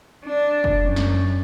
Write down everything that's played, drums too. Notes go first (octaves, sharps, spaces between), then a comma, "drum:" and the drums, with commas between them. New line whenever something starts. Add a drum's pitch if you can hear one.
D4
drum: kick
F#2
drum: snare